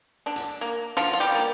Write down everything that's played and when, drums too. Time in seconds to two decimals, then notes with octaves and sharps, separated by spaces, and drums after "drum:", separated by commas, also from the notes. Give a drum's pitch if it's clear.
0.26 D3 D4
0.36 drum: hi-hat
0.61 A#3
0.97 D3 F3 F4, drum: hi-hat
1.13 F4
1.20 G3 G4
1.32 F3 A#3